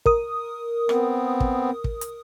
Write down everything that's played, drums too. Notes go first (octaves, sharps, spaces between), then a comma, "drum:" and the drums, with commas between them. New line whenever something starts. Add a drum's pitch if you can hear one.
A#4 D#6, drum: kick
B3 C4, drum: rim click
drum: kick
drum: kick
drum: hi-hat